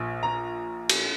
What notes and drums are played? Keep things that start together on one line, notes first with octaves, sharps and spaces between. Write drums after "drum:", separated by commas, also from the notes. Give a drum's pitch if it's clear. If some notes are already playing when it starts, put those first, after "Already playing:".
Already playing: A#1 A#2
A#5
drum: cymbal